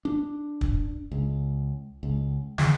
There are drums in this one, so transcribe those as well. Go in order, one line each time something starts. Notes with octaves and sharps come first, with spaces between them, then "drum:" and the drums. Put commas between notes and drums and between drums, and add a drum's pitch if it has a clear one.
D4
drum: kick
C#2
C#2
E2, drum: snare